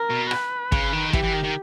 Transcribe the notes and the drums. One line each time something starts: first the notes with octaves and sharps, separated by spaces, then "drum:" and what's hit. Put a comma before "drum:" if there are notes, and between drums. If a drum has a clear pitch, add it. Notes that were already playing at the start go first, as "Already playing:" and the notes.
Already playing: A#4
B2
B4, drum: rim click
C#3, drum: kick
D#3
E3 G4, drum: kick
E3
D#3
D#3